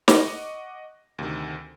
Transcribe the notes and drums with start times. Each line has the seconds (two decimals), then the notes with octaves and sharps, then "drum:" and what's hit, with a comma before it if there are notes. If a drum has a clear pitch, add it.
0.08 D#5 F#5 C#6 D6 A#6, drum: snare
1.18 D2 C3 D#3